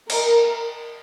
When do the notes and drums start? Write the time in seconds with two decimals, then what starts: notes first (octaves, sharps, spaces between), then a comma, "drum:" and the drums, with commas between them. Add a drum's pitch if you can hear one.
0.10 A#4, drum: cymbal